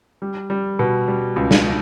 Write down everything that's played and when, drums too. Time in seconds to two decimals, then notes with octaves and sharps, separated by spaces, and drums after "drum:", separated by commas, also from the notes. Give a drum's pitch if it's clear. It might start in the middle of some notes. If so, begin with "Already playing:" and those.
0.22 G3
0.50 G3
0.79 B2
1.08 G3
1.36 C#2
1.51 drum: snare